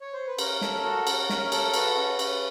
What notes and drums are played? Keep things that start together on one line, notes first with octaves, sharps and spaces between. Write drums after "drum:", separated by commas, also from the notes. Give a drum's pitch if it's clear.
C#5
C5
B4
C#4 A#4, drum: cymbal
A4, drum: snare
F#4
C#4, drum: cymbal
C#4, drum: snare
A4, drum: cymbal
F#4 B4, drum: cymbal
C#4
C#4, drum: cymbal